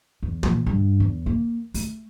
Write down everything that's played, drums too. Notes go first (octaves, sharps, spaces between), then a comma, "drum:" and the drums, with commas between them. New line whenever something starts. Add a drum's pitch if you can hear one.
E2
A#2, drum: tom
G2
E2
A#3
A3, drum: open hi-hat